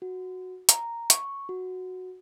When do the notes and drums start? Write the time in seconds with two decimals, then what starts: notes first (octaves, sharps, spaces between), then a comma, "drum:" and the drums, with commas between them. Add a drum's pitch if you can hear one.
0.02 F#4
0.69 A#5, drum: hi-hat
1.10 C#6, drum: hi-hat
1.49 F#4